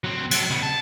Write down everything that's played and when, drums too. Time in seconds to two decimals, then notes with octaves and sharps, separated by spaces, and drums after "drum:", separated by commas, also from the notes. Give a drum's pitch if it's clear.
0.04 F#3 C4
0.31 F#3 A4, drum: cymbal
0.50 C#3 B3
0.63 A5